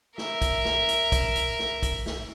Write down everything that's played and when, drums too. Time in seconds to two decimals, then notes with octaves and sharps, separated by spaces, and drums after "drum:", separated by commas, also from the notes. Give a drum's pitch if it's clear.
0.18 A#4 E5, drum: snare
0.42 drum: kick, hi-hat
0.65 drum: snare
0.89 drum: hi-hat
1.12 drum: kick, hi-hat
1.36 drum: hi-hat
1.59 drum: snare
1.83 drum: kick, hi-hat
2.06 drum: snare